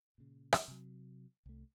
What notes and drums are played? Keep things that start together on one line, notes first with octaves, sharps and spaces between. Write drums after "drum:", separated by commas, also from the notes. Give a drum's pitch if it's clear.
A#2 C#3
drum: rim click
C3 F#3
C2 A3